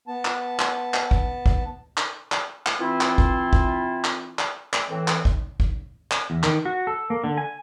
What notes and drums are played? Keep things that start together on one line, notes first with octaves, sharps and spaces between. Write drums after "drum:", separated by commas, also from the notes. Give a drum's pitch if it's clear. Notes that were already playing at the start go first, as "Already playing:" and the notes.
B3 A5
drum: clap
drum: clap
drum: clap
drum: kick
drum: kick
drum: clap
drum: clap
drum: clap
E3 C4 E4 F4
drum: clap
drum: kick
drum: kick
drum: clap
drum: clap
drum: clap
A2 E3 C4
drum: clap
drum: kick
drum: kick
drum: clap
E2
D#3, drum: clap
F#4
A4
A#3
D3
G#5